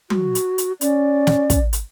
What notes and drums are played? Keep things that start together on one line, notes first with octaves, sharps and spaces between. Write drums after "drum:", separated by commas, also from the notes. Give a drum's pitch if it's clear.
F#4, drum: tom F#3
drum: hi-hat
drum: hi-hat
C#4 D5, drum: hi-hat
drum: snare
drum: kick, hi-hat
drum: hi-hat